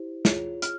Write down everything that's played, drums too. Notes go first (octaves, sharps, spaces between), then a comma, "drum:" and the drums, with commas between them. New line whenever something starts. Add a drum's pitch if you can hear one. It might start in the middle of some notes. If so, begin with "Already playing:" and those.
Already playing: E4 G4 C5
F4 G#4 C#5, drum: snare
F6, drum: hi-hat